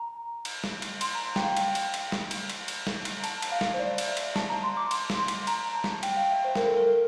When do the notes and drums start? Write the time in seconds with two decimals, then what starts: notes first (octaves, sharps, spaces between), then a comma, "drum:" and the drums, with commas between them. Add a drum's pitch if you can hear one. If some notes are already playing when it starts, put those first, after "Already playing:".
Already playing: A#5
0.45 drum: cymbal
0.64 drum: snare
0.82 drum: cymbal
1.01 C6, drum: cymbal
1.15 A#5
1.36 G5, drum: snare
1.43 F5
1.57 drum: cymbal
1.75 drum: cymbal
1.94 drum: cymbal
2.12 drum: snare
2.31 drum: cymbal
2.50 drum: cymbal
2.68 drum: cymbal
2.87 drum: snare
3.05 drum: cymbal
3.20 A#5
3.24 A5, drum: cymbal
3.42 drum: cymbal
3.52 F5
3.61 drum: snare
3.74 C5
3.79 D5
3.98 drum: cymbal
4.08 E5
4.17 drum: cymbal
4.36 A5, drum: snare
4.49 A#5
4.63 C6
4.77 D6
4.91 C6, drum: cymbal
5.10 drum: snare
5.19 C6
5.28 drum: cymbal
5.47 A#5, drum: cymbal
5.75 A5
5.84 drum: snare
6.03 G5, drum: cymbal
6.17 F5
6.31 E5
6.44 C5
6.55 A#4, drum: snare
6.67 A4
6.77 A#4